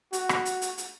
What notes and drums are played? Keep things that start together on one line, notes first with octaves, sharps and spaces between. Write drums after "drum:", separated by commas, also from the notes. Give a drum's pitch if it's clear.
F#4, drum: hi-hat
drum: rim click
drum: hi-hat
drum: hi-hat
drum: hi-hat